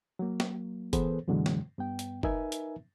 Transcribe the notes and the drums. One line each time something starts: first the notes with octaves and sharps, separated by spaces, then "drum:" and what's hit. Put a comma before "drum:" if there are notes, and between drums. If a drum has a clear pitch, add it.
F#3 A#3
drum: snare
E3 B3 G#4 A4 B4 C5, drum: kick F1, hi-hat
F#2 B2 D3 E3 F#3 G#3
drum: snare
G2 B3 G5
drum: hi-hat
D#4 A#4 B4 E5 G#5, drum: kick F1
drum: hi-hat